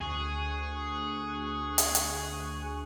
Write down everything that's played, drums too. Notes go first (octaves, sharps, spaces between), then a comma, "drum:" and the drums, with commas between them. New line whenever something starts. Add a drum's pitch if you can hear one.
D2 G#4 C#6 F#6
drum: hi-hat
drum: hi-hat